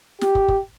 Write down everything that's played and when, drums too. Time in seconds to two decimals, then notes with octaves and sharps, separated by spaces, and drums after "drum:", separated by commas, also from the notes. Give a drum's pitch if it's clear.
0.21 G4, drum: snare
0.35 drum: kick
0.48 drum: kick